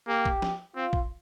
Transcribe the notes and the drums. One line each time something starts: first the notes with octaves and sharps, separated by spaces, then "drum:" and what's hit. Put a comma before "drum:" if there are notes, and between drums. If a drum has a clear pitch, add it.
A#3 G4
drum: kick A1
drum: snare
C4 F4
drum: kick A1